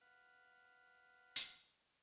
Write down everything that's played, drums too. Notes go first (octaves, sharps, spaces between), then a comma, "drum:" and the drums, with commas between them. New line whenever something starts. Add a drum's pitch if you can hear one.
B4 F5 F#5
drum: hi-hat